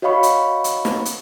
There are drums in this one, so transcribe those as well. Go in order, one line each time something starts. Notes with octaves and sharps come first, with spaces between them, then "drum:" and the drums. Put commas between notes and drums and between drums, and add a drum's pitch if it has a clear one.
F#4 C#5 D#5 F5 B5 C#6
drum: hi-hat
drum: hi-hat
drum: snare
drum: hi-hat